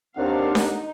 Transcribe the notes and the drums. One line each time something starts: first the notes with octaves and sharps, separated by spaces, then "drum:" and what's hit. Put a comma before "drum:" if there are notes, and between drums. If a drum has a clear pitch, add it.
D#2 D#3 C4 D4 F5 F#5
D#4, drum: snare D4